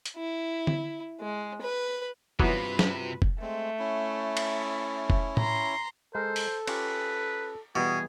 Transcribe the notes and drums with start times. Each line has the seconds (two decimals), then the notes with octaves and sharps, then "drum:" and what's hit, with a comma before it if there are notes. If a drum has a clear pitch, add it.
0.05 drum: hi-hat
0.17 E4
0.67 drum: tom D3
1.21 G#3
1.62 B4
2.40 G2 C3 E3 F#3 B3 F4 F#4 B4, drum: kick F1
2.79 drum: snare
3.22 drum: kick F1
3.42 G#3 A3 C4
3.79 C#4 E4
4.37 drum: cymbal
5.10 drum: kick F1
5.37 A#5 C6, drum: tom A2
6.15 G#3 A4 A#4 C5
6.36 drum: open hi-hat
6.67 C#4 F4 G4 B4, drum: cymbal
7.76 B2 E3 G3 B3 G#4